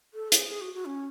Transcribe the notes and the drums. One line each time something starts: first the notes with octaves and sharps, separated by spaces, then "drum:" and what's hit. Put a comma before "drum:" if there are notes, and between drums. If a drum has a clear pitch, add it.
A4
G#4, drum: hi-hat
G#4
F#4
F#4
C#4